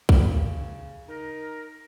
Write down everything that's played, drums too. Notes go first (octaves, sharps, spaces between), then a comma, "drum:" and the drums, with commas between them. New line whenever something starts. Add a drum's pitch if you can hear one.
C#3, drum: kick
D#4 A#4